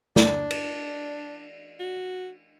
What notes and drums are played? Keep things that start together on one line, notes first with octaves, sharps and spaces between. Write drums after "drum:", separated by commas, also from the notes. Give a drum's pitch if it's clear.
D4 D5, drum: snare
drum: cymbal
F#4